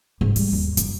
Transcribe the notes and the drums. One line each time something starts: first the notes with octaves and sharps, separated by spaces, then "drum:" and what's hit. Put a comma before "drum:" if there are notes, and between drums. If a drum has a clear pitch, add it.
G#2
G3, drum: open hi-hat
D#2
F#2, drum: hi-hat